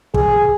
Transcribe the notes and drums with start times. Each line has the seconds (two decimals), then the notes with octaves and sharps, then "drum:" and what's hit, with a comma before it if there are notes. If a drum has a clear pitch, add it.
0.14 G#4, drum: kick